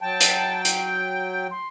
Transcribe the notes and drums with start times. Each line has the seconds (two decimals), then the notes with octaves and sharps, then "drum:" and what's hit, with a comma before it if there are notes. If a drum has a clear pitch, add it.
0.01 F#3 G5 A5
0.20 drum: hi-hat
0.65 G6, drum: hi-hat
1.51 C6